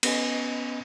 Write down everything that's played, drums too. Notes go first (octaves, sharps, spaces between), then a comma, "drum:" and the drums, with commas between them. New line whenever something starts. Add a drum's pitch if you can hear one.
B3 C#4 B4 D#5 G#5, drum: cymbal